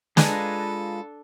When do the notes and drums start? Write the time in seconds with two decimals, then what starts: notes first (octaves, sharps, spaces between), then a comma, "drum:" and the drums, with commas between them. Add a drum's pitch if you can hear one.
0.17 G#3 D4 F4 A4 B4 G#5 A#5, drum: snare